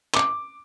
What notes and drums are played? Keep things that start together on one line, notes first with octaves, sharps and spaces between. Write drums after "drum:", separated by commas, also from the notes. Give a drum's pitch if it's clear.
D6, drum: clap